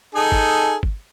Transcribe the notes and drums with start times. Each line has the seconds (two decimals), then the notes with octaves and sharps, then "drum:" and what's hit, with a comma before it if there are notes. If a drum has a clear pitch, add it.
0.15 D#4 G#4 A4
0.32 drum: kick G1
0.83 drum: kick G1